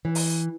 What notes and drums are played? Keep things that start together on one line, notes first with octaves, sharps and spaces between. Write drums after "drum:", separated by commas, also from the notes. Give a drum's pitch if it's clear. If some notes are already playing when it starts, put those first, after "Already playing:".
E3
drum: open hi-hat